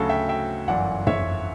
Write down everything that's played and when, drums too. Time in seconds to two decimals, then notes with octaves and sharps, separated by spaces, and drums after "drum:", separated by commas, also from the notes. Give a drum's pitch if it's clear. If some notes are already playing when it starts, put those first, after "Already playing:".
Already playing: D2 C#3 F#3 F#4 A4
0.09 E5 G5
0.29 E5 G5
0.68 G1 F#2 E3 D5 F#5
1.07 C#5 E5, drum: tom